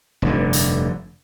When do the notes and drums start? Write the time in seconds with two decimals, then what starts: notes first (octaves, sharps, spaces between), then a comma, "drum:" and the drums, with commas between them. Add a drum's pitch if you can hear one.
0.22 F1 G2 D3
0.53 drum: hi-hat